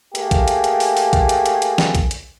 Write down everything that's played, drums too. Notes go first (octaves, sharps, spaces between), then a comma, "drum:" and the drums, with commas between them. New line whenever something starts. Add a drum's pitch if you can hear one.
A3 A#3 G4 G#4, drum: hi-hat
drum: kick A#1, hi-hat
drum: hi-hat
drum: hi-hat
drum: open hi-hat
drum: open hi-hat
drum: kick A#1, hi-hat
drum: hi-hat
drum: hi-hat
drum: hi-hat
drum: snare
drum: kick A#1, hi-hat
drum: hi-hat